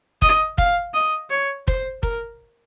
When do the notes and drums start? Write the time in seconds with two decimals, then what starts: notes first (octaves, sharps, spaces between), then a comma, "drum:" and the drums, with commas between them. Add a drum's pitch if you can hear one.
0.22 D#5, drum: kick
0.58 F5, drum: kick
0.94 D#5
1.30 C#5
1.68 C5, drum: kick
2.03 A#4, drum: kick